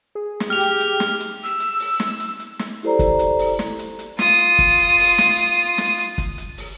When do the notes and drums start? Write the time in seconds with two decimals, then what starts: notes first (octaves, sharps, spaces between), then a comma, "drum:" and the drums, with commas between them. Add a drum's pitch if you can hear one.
0.15 G#4
0.40 drum: snare
0.50 G4 F6 F7
0.60 drum: hi-hat
0.80 drum: hi-hat
1.00 drum: snare
1.20 drum: hi-hat
1.44 E6
1.60 drum: hi-hat
1.80 drum: open hi-hat
2.00 drum: snare
2.20 drum: hi-hat
2.39 drum: hi-hat
2.59 drum: snare
2.83 E4 G4 A4 C5 D5 A#5
2.99 drum: kick, hi-hat
3.19 drum: hi-hat
3.39 drum: open hi-hat
3.59 drum: snare
3.79 drum: hi-hat
3.99 drum: hi-hat
4.19 F4 D#6, drum: snare
4.39 drum: hi-hat
4.59 drum: kick, hi-hat
4.78 drum: hi-hat
4.98 drum: open hi-hat
5.18 drum: snare
5.38 drum: hi-hat
5.78 drum: snare
5.98 drum: hi-hat
6.18 drum: kick, hi-hat
6.38 drum: hi-hat
6.58 drum: open hi-hat